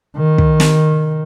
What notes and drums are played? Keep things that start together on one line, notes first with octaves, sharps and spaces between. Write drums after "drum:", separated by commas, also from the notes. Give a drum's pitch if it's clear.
D#3
drum: kick
drum: snare